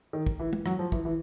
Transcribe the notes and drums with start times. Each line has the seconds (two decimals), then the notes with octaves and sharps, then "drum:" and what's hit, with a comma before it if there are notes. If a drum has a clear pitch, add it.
0.13 D#3
0.27 drum: kick
0.39 E3
0.53 drum: tom
0.66 F#3, drum: rim click
0.79 F3
0.92 E3, drum: kick
1.05 E3